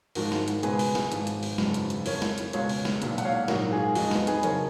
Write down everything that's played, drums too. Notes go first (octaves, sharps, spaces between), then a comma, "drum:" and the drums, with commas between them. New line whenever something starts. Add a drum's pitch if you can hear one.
G#1 G#2 F3 G#3 F#4 A#4, drum: open hi-hat
drum: snare
drum: hi-hat
C#2 B2 G#3 G#4 B4, drum: hi-hat
drum: open hi-hat
drum: snare
G#1 G#2 F3, drum: hi-hat
drum: hi-hat
drum: open hi-hat
G#1 F#2 C#3 F3 G#3, drum: snare
drum: hi-hat
drum: hi-hat
F2 F3 G#3 A#4 C#5, drum: open hi-hat
drum: snare
drum: hi-hat
C#2 B2 G#3 C#5 F5, drum: hi-hat
drum: open hi-hat
drum: snare
B1 A#2 G#3, drum: hi-hat
F#5, drum: hi-hat
C#5 F5
A#1 G#2 F#3 F#4 A#4, drum: snare
F4 G#4
F2 F3 G#3 D#4 F#4, drum: open hi-hat
B3 D#4, drum: snare
G#4 B4, drum: hi-hat
F#1 F#2 F3 A#4 C#5, drum: hi-hat